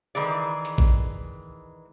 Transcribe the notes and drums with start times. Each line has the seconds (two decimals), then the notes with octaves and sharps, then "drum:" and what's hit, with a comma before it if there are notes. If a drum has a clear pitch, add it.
0.15 D#3 E3 G#3 D5
0.65 drum: hi-hat
0.78 drum: kick A1